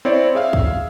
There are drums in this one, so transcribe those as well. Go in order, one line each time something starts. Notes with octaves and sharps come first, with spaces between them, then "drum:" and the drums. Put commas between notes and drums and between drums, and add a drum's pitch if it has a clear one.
C4 E4 C#5 D5
G#4 E5 F5
drum: kick